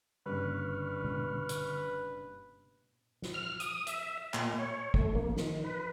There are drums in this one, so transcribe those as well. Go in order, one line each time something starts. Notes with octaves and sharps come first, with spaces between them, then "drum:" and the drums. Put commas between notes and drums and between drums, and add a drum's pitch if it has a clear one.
F#1 G2 D3 B4 C#6 F6
drum: tom
drum: hi-hat
drum: snare
F6
D#6, drum: hi-hat
E5, drum: hi-hat
A#2, drum: clap
C#5
A3, drum: kick
A#3, drum: tom F3
D#3, drum: snare
B4